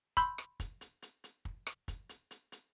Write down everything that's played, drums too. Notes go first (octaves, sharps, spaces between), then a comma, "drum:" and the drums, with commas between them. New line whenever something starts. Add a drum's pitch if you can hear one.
B5 C6 E6 G6, drum: kick, hi-hat
drum: rim click
drum: kick, hi-hat
drum: hi-hat
drum: hi-hat
drum: hi-hat
drum: kick
drum: rim click
drum: kick, hi-hat
drum: hi-hat
drum: hi-hat
drum: hi-hat